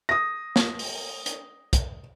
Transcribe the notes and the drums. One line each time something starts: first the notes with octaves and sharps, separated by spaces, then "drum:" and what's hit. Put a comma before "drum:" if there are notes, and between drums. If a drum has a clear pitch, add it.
D#6 A#6
drum: snare
drum: open hi-hat
drum: hi-hat
drum: kick, hi-hat